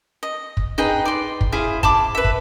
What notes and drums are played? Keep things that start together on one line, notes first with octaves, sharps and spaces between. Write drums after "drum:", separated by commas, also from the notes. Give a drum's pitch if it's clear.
D#5
drum: kick
D#4 G#4 B4 G5
D5 C6
drum: kick
E4 G#4 C5 F5
A5 B5 D6, drum: kick
B4 E5
drum: kick